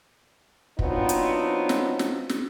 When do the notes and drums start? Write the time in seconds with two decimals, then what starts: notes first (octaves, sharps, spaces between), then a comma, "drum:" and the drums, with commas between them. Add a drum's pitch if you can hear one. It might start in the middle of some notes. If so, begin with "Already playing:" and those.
0.79 F#3 B3 C4 D4 D#4 F4, drum: kick
1.09 drum: hi-hat
1.69 drum: snare
1.99 drum: snare
2.29 drum: snare